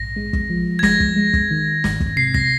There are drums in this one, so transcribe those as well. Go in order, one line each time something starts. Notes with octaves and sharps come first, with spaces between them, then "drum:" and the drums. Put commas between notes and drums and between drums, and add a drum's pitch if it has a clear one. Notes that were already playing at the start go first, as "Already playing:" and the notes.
Already playing: A#1 G#2 A#6
G#3
drum: kick
F3
G#6
G#3 A#6, drum: snare
drum: kick
G#3
drum: kick
D#3
G#2, drum: snare
drum: kick
C3 C7
A#6, drum: kick